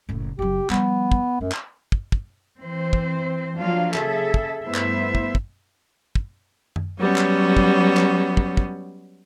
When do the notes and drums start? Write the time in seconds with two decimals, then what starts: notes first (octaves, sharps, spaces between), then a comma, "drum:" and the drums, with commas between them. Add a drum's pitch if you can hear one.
0.09 F#1 A2
0.39 F#1 F#3 G4
0.70 F3 G3 B3, drum: clap
1.12 drum: kick
1.41 F#2 A3
1.52 drum: clap
1.92 drum: kick
2.12 drum: kick
2.61 E3 C4 C5
2.93 drum: kick
3.57 F3 F#3 A#3 D4 F4 F5
3.94 C#3 G#4 A4 E5, drum: clap
4.34 drum: kick
4.65 G2 A3 B3 E4 C5 E5
4.74 drum: clap
5.15 drum: kick
5.35 drum: kick
6.15 drum: kick
6.76 drum: tom F#2
6.98 F#3 G3 B3 C#4
7.16 drum: clap
7.57 drum: kick
7.97 drum: clap
8.37 drum: kick
8.57 drum: kick